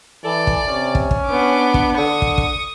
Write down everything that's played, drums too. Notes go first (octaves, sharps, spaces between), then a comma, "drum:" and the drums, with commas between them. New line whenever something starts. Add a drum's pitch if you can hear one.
E3 A4 D5
drum: kick
C3 C#4
drum: kick
drum: kick
B3 D4 D6
drum: kick
D3 C#6 D#6
drum: kick
drum: kick